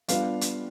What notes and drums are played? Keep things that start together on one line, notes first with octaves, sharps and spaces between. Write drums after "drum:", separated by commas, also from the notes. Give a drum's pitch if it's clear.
G3 B3 D4 F4 F5, drum: hi-hat
drum: hi-hat